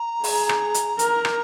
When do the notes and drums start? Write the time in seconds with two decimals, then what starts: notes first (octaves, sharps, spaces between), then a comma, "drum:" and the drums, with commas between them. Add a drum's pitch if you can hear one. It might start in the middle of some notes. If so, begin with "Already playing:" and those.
Already playing: A#5
0.24 G#4, drum: open hi-hat
0.49 drum: rim click
0.74 drum: hi-hat
0.99 A#4, drum: hi-hat
1.25 drum: rim click